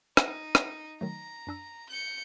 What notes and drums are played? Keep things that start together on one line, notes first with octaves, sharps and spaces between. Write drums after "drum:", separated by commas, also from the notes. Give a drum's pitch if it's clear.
D#4, drum: rim click
C#5, drum: rim click
D#3 F#3 A3 A#5
F#2 D4 E6
G6 C#7